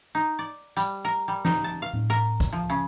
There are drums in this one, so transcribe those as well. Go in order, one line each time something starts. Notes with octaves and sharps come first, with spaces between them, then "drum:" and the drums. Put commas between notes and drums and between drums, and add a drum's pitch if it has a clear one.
D#4
D5
G3, drum: hi-hat
A#4
G3
D#4, drum: snare
A5
F5
drum: tom A2
A#4
drum: kick, hi-hat
F3
C#3